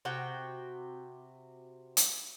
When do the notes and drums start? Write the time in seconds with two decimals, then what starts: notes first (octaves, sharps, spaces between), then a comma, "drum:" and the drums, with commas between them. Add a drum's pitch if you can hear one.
0.05 C3 F#4 G5
1.97 drum: hi-hat